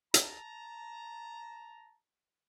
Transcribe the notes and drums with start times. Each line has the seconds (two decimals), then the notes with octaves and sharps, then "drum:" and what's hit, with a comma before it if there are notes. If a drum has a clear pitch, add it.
0.14 A5 A#5, drum: hi-hat